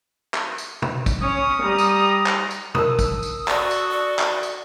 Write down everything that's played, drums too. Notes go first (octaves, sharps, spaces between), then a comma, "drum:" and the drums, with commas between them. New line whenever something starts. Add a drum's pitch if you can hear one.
drum: clap
drum: tambourine
drum: tom
drum: kick, tambourine
C#4 C#5 D#6
G3 A#5
drum: tambourine
drum: clap
drum: tambourine
A#4 A5 D#6 E6, drum: tom
drum: kick, tambourine
drum: tambourine
F#4 A4 D5, drum: clap
drum: tambourine
D5
drum: clap
drum: tambourine